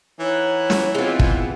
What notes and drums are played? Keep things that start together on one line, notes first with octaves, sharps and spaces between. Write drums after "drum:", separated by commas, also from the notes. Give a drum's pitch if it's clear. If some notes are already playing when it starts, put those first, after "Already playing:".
E3 D#4 C#5 F#5
drum: snare
G#3 B3 C4 F4
drum: kick